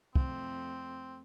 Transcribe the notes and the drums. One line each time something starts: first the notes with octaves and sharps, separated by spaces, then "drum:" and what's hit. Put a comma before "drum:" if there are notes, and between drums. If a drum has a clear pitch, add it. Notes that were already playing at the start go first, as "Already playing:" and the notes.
F2 A3 C4, drum: kick